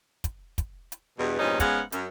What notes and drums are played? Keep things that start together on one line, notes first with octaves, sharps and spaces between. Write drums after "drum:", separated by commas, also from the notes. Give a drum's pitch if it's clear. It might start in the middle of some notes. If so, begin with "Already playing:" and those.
drum: kick, hi-hat
drum: kick, hi-hat
drum: hi-hat
E2 G2 B2
E2 G2 A#2 F3 C#4 D#4
G#2 G#3 B3 C#4 F5 F#5, drum: kick, hi-hat
F#2, drum: hi-hat